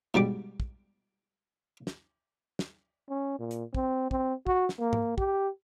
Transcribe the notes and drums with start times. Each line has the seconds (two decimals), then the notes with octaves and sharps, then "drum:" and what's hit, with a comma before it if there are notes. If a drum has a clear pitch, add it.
0.14 G#2 B2 G3 D6
0.60 drum: kick
1.87 drum: snare
2.59 drum: snare
3.09 C#4
3.40 A#2
3.51 drum: hi-hat
3.75 C4, drum: kick
4.11 C4, drum: kick
4.47 F#4, drum: kick
4.69 drum: snare
4.79 A#3
4.93 drum: tom G#2
5.18 G4, drum: kick